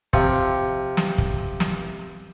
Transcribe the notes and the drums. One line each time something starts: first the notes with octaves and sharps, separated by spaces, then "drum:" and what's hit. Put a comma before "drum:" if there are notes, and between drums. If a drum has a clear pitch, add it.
C3 F3, drum: kick
drum: snare
drum: kick
drum: snare